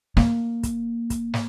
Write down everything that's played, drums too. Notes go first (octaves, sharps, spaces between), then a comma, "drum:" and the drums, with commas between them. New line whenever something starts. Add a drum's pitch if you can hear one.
A#3, drum: snare
drum: kick, hi-hat
drum: kick, hi-hat
drum: snare